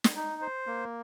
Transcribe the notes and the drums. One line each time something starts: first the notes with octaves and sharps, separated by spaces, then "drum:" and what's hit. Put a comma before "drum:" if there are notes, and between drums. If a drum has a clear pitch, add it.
drum: snare
D#4
C5
A#3